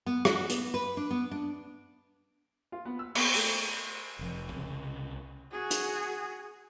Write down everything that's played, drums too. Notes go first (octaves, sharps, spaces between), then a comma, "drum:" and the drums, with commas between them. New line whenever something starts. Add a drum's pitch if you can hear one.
B3
F#4, drum: rim click
B3, drum: hi-hat
B4
D4
B3
D4
F4
B3
E6
B3, drum: cymbal
A3, drum: open hi-hat
F1 F3
C2 C#3
F#4 G#4
drum: hi-hat